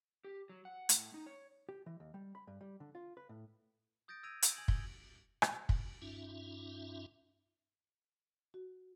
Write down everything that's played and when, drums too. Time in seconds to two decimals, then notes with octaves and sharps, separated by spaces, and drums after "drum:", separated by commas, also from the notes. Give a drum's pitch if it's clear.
0.25 G4
0.49 F#3
0.65 F#5
0.89 A2, drum: hi-hat
1.14 D#4
1.26 C#5
1.69 G4
1.86 E3
2.00 D#2
2.14 G3
2.35 B5
2.47 G2
2.61 G3
2.80 D3
2.95 F4
3.17 B4
3.29 A2
4.08 D#6 G6 A6 A#6 D7
4.23 E6 G#6 A#6 D7 D#7 F7
4.42 D7 F7, drum: hi-hat
4.57 G#5 G#6 F#7
4.68 G7, drum: kick
5.42 drum: rim click
5.69 drum: kick
6.02 G2 C#4 D#4 F4 E5
8.54 F#4